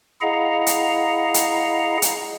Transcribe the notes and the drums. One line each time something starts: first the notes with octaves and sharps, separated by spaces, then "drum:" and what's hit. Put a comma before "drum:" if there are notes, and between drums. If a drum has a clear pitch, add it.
E4 G#4 D#5 F5 F#5 A#5
drum: hi-hat
drum: hi-hat
drum: hi-hat